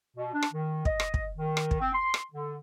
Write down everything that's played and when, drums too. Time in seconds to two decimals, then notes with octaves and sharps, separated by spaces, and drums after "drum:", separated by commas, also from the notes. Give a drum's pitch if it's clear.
0.17 B2
0.33 D4
0.42 drum: rim click
0.53 D#3
0.85 D#5, drum: kick
1.00 drum: rim click
1.14 drum: kick
1.37 D#3
1.57 drum: rim click
1.71 drum: kick
1.80 C4
1.94 C6
2.14 drum: rim click
2.32 D3